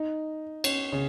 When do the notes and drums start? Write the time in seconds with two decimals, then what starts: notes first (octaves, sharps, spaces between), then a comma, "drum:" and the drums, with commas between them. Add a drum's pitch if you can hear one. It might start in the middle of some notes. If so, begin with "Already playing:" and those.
Already playing: D#4
0.64 C#4, drum: cymbal
0.92 C#3